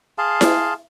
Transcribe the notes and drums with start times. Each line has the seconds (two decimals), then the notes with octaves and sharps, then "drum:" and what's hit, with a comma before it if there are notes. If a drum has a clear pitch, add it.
0.18 G#4 F5 A5 C6
0.41 drum: snare E4